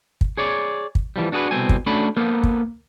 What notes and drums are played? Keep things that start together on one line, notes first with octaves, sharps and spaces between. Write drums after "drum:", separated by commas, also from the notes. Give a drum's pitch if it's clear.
drum: kick
G#4 C#5 D5
drum: kick
E3 F3 G3
D4 F#4 G#4 A4 B4
C2 B2 C4 A4 G#5
drum: kick
A3 C#4 D4 F#4 B5
A#3 B3 A4 A#4 C5
drum: kick